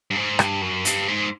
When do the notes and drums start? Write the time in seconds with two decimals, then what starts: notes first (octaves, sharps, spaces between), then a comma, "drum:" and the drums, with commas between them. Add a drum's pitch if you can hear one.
0.11 G2
0.15 G#2
0.39 G2, drum: rim click
0.61 F#2
0.85 G2, drum: hi-hat
1.08 G#2